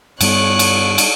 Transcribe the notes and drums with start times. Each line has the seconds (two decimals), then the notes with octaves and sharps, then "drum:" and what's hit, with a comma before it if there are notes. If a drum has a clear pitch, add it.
0.21 G2 G3 B3 C#5 F#6, drum: cymbal
0.59 drum: cymbal
0.98 drum: cymbal